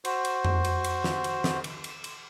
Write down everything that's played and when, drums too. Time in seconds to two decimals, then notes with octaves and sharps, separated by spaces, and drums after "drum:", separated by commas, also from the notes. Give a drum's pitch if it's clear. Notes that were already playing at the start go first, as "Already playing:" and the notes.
0.05 F#4 C5, drum: cymbal
0.25 drum: cymbal
0.45 drum: tom F2
0.64 drum: cymbal
0.84 drum: cymbal
1.04 drum: snare
1.24 drum: cymbal
1.44 drum: snare
1.64 drum: cymbal
1.84 drum: cymbal
2.04 drum: cymbal